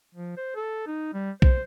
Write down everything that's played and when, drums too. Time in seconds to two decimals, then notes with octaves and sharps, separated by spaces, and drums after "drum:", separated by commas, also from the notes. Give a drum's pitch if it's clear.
0.14 F3
0.37 C5
0.55 A4
0.87 D#4
1.13 G3
1.42 C5, drum: kick B1